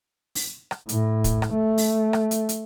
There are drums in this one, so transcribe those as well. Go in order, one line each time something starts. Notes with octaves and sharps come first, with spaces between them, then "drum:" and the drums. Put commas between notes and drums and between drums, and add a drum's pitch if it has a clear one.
drum: open hi-hat
drum: rim click
A2, drum: hi-hat
drum: kick, hi-hat
drum: rim click
A3
drum: open hi-hat
drum: rim click
drum: hi-hat
drum: hi-hat